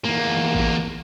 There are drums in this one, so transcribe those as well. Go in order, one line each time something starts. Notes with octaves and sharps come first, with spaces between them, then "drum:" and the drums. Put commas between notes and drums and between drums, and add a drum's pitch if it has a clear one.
E2 A#3
drum: kick